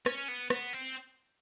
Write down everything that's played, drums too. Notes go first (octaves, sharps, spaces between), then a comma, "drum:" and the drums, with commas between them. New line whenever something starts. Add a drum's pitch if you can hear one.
C#4, drum: rim click
B3
B3, drum: rim click
C4
drum: hi-hat